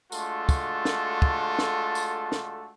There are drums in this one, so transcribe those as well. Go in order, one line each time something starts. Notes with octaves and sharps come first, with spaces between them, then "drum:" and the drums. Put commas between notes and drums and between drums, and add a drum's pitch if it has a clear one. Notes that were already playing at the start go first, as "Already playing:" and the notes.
G#3 A3 D4 F4 F#4 A4, drum: tambourine
drum: kick, tambourine
drum: snare
drum: kick
drum: snare
drum: tambourine
drum: snare